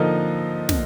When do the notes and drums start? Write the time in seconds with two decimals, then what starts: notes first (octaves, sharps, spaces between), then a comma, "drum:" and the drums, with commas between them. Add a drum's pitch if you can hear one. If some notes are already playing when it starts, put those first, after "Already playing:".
Already playing: D3 F3 A#3 D#4 D#5
0.69 drum: snare